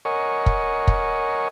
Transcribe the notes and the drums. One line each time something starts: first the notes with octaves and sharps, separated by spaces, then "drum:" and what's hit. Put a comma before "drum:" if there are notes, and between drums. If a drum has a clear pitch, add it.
A#4 C#5 D#5 F#5 G#5 C#6
drum: kick
drum: kick